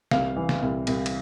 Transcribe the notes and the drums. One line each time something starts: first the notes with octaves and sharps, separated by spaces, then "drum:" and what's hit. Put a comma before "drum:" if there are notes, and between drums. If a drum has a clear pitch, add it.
C2 F5, drum: snare
E3
drum: snare
C2
C2, drum: cymbal
drum: cymbal